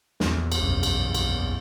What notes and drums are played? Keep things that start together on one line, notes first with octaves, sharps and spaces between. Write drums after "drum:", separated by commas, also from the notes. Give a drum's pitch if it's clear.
A#1 E2, drum: snare
drum: cymbal
B1 F#2
drum: cymbal
drum: cymbal